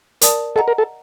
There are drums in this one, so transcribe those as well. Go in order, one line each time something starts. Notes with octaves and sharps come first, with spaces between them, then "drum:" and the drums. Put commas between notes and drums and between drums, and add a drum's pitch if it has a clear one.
A#4 D5 A5 D#6, drum: hi-hat
A4 D#5 F#5 A#5
A#4
A4